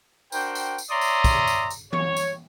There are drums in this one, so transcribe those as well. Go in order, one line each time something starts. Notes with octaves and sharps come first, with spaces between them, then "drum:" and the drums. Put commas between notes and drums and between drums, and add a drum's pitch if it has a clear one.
D4 F#4 A#4 C5 G5, drum: tambourine
drum: tambourine
drum: tambourine
C#5 D5 E5 A#5 C6 D#6
drum: tambourine
drum: kick, tambourine
drum: tambourine
drum: tambourine
C#5, drum: tom E3
drum: tambourine